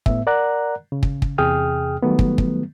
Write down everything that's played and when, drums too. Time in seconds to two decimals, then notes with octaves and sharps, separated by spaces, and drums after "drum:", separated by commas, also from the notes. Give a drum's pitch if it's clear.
0.06 A2 B3 E5, drum: kick
0.27 A#4 D5 F#5 A#5 F#6
0.92 C#3
1.03 drum: kick
1.22 drum: kick
1.38 E2 C3 G#4 G5 D#6 F6
2.03 D#3 F#3 G3 A3 B3
2.19 drum: kick
2.38 drum: kick